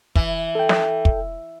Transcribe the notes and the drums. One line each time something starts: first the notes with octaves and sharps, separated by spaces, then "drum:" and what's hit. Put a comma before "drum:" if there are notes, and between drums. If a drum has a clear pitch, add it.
E3, drum: kick
A4 G5
drum: snare
drum: kick